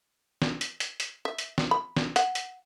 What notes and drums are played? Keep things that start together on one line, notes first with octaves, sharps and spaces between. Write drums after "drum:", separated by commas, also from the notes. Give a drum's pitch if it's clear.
drum: snare
drum: hi-hat
drum: hi-hat
drum: hi-hat
E5
drum: hi-hat
drum: snare
B5
drum: snare
F#5, drum: hi-hat
drum: hi-hat